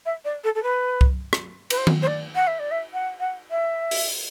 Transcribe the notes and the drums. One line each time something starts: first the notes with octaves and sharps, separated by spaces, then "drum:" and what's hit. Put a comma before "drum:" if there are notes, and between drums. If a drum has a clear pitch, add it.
E5
D5
A4
A4
B4
drum: kick C2
drum: rim click
B4, drum: cymbal
C5
drum: tom D#3
C5
D5
F#5
E5
D5
E5
F#5
F#5
E5
drum: open hi-hat